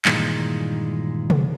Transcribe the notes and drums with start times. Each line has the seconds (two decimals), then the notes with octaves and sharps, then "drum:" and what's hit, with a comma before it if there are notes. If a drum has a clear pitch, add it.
0.05 G2 A#2 D#3 E3 G3 G#3, drum: clap
1.30 drum: tom C3